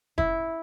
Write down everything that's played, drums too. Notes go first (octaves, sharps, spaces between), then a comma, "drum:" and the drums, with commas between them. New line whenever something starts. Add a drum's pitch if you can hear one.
E4, drum: kick F1